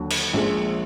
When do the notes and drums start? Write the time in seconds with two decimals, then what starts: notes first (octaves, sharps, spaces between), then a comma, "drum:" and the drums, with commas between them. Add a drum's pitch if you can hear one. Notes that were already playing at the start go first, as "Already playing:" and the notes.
Already playing: D#2 D3 F#3
0.10 drum: cymbal
0.33 A#1 A#2 F3 G#3